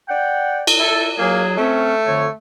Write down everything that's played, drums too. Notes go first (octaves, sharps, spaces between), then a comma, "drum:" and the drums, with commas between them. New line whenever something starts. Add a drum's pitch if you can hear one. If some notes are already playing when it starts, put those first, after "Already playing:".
D5 F#5 G5
drum: cymbal
E4 A4
F#3 A#3 G#4
A3 C4 C#4
F2 D3 C#5